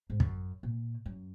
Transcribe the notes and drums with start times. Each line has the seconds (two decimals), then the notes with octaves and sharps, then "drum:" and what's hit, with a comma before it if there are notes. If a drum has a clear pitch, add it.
0.10 G#2
0.20 F#2, drum: kick
0.63 A#2
1.06 F#2